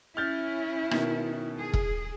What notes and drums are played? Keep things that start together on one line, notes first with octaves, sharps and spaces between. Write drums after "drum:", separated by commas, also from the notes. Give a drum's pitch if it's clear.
C#4 E4 F6 G6 A6
B2 D#3, drum: rim click
G#4
drum: kick E1